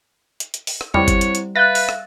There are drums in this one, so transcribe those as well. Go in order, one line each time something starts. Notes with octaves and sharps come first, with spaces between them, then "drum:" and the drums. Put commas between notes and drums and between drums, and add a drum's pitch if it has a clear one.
drum: hi-hat
drum: hi-hat
drum: open hi-hat
drum: rim click
G3 C4 E4 C5 C#5, drum: tom E2
drum: kick, hi-hat
drum: hi-hat
drum: hi-hat
B4 E5 F5 F#6 A6 A#6
drum: open hi-hat
drum: rim click